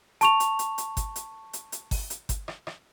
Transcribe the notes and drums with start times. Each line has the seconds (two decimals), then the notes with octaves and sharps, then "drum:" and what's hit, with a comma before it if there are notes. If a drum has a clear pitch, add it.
0.21 A5 C#6 F7, drum: hi-hat
0.40 drum: hi-hat
0.59 drum: hi-hat
0.78 drum: hi-hat
0.97 drum: kick G1, hi-hat
1.16 drum: hi-hat
1.53 drum: hi-hat
1.72 drum: hi-hat
1.91 drum: kick G1, open hi-hat
2.10 drum: hi-hat
2.29 drum: kick G1, hi-hat
2.48 drum: rim click
2.67 drum: rim click